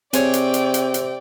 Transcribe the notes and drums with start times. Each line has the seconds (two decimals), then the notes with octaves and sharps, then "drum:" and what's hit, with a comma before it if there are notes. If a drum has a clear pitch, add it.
0.13 C3 C4 G#4 C#5 D5 G5, drum: hi-hat
0.34 drum: hi-hat
0.54 drum: hi-hat
0.74 drum: hi-hat
0.94 drum: hi-hat